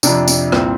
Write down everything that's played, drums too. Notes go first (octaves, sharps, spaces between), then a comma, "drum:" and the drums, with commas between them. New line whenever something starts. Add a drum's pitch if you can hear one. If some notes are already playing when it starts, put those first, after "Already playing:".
F2 C3 D4, drum: tambourine
D4, drum: tambourine
C2 A#2 C4, drum: rim click